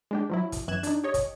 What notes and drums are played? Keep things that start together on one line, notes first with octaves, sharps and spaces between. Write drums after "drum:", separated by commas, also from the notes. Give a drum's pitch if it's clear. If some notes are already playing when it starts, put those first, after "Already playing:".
G#3 D4 G4
F3 F#3 E4
drum: kick, hi-hat
F#2 E3 F#6 G#6 E7
D4 D#4, drum: hi-hat
G4 C#5 D#5
drum: kick, hi-hat